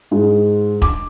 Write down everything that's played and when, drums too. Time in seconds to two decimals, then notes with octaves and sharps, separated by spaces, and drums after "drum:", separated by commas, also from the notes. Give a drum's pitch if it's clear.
0.11 G#2
0.82 D6, drum: kick E1